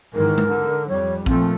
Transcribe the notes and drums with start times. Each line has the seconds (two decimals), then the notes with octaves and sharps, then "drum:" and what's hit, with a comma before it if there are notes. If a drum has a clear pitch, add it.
0.14 G#2 D#3 E3 A#4
0.38 drum: tom G#3
0.47 D3
0.88 F2 G3 C#5
1.26 A#2 F3 A3 C4, drum: kick A1